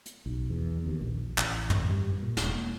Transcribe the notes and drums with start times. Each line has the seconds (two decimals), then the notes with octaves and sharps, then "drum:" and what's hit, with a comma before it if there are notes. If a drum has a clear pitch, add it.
0.06 drum: hi-hat
0.26 B1
0.50 E2
0.86 D#2
1.01 A#1
1.38 A1, drum: clap
1.70 drum: tom
1.90 G2
2.22 A#2
2.37 E1, drum: snare
2.55 A#3